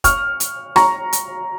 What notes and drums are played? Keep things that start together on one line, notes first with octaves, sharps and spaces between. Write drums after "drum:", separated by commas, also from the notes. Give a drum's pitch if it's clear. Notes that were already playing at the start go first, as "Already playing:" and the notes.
C#6 F6, drum: kick, hi-hat
drum: hi-hat
A#5 C#6, drum: rim click
drum: hi-hat